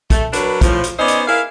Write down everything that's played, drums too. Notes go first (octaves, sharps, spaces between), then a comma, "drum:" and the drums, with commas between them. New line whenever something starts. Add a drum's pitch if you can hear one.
A3, drum: kick, hi-hat
F#3 D4 F#4 A#4 B4, drum: hi-hat
A2 F3, drum: kick, hi-hat
drum: hi-hat
B3 C#4 D#4 C5 D5 D#5
drum: hi-hat
E4 G#4 A#4 F5